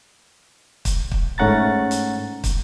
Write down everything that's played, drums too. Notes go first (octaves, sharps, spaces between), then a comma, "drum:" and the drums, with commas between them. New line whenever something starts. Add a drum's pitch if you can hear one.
drum: kick, hi-hat
drum: kick
G#2 A3 C#4 F#5 A#5 A6
drum: hi-hat
drum: kick, hi-hat